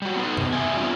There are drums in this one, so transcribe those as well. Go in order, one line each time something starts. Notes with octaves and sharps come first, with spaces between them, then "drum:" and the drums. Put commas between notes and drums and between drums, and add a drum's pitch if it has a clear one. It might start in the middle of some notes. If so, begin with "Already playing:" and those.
G3 F#4
B3 D#4 B4
C3 B3, drum: tom F#2
E2 G3 B3 E5 G#5
G3 B3 C4 D4 F4 G4